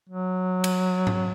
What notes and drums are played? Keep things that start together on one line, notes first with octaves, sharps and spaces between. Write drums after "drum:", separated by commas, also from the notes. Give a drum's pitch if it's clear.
F#3
drum: cymbal
drum: tom G#2